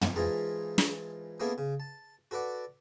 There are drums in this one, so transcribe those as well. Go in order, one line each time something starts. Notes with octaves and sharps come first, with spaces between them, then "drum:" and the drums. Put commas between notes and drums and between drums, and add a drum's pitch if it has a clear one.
drum: tom
G#2 E3 F4 G#4 A5 A#5
drum: snare
A#3 B3 C#4 E4 G#4 A4
C#3
A5
F#4 A4 B4 D5 F#5